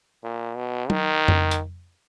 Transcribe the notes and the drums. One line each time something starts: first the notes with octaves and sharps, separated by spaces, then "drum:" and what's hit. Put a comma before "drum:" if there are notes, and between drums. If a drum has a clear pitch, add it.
A#2
B2
D#3, drum: tom F#3
drum: tom F2
drum: hi-hat